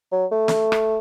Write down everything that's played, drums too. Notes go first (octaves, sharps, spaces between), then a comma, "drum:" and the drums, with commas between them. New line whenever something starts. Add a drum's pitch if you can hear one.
F#3
A3
drum: snare
drum: rim click